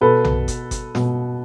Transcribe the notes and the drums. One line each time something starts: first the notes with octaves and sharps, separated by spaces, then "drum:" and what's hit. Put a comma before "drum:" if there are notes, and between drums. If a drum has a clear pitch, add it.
B2 A4 B4
drum: tom B1
drum: kick G1, hi-hat
drum: kick G1, hi-hat
B2, drum: snare